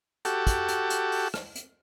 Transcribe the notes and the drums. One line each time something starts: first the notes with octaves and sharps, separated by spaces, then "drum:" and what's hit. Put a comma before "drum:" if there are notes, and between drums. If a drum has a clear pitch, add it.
F#4 G4 A4, drum: hi-hat
drum: kick, hi-hat
drum: hi-hat
drum: hi-hat
drum: open hi-hat
drum: rim click
drum: hi-hat